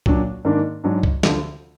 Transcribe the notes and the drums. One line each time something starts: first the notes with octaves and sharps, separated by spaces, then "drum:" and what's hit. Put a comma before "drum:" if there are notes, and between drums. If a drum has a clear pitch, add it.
A#2 F#3 D4, drum: kick C2
G#2 D#3 A#3 D4
G#2 F#3 D4
drum: kick C2
D2 D3 F3, drum: snare